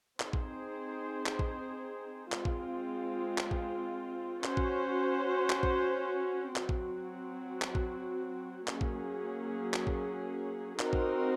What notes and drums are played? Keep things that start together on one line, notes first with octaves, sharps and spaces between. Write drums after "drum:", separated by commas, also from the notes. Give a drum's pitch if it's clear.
C4 D#4 G#4 C5, drum: clap
drum: kick A1
drum: clap
drum: kick A1
G#3 C4 F4, drum: clap
drum: kick A1
drum: clap
drum: kick A1
C#4 F#4 C5, drum: clap
drum: kick A1
drum: clap
drum: kick A1
F#3 C4 F#4, drum: clap
drum: kick A1
drum: clap
drum: kick A1
F#3 A#3 C#4 G#4, drum: clap
drum: kick A1
drum: clap
drum: kick A1
C4 D#4 F#4 A#4, drum: clap
drum: kick A1